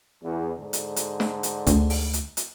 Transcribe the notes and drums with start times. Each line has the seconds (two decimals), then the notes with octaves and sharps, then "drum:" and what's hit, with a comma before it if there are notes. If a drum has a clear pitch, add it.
0.23 E2
0.58 G#2 D3
0.73 drum: hi-hat
0.96 drum: hi-hat
1.20 drum: snare
1.43 drum: hi-hat
1.67 D2, drum: kick A1, hi-hat
1.90 drum: open hi-hat
2.13 drum: hi-hat
2.37 drum: hi-hat